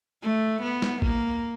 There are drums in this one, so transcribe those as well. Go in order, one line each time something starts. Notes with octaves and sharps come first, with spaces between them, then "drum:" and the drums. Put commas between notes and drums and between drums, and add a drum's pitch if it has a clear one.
A3
B3
drum: snare
A#3, drum: kick A1